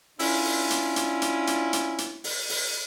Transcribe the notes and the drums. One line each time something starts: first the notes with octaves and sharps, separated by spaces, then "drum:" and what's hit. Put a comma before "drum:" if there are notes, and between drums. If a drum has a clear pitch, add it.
C#4 D4 E4 F4, drum: open hi-hat
drum: open hi-hat
drum: hi-hat
drum: hi-hat
drum: hi-hat
drum: hi-hat
drum: hi-hat
drum: hi-hat
drum: open hi-hat
drum: open hi-hat